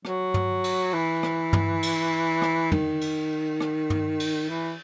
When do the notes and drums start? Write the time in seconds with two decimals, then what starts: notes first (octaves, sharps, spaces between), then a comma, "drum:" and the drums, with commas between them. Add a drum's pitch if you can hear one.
0.05 F#3, drum: rim click
0.34 drum: tom
0.64 drum: cymbal
0.94 E3
1.23 drum: rim click
1.53 drum: tom
1.83 drum: cymbal
2.42 drum: rim click
2.72 D#3, drum: tom
3.01 drum: cymbal
3.60 drum: rim click
3.90 drum: tom
4.20 drum: cymbal
4.49 E3